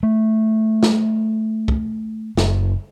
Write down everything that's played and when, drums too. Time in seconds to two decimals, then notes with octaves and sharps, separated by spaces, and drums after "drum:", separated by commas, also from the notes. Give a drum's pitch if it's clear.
0.03 A3
0.83 drum: snare
1.68 drum: kick
2.37 F#1, drum: snare